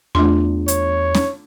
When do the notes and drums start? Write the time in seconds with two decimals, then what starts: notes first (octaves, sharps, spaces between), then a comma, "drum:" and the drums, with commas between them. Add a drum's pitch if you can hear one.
0.15 E2 A3 D4 F4 C6
0.68 C#5, drum: hi-hat
1.15 drum: snare C#4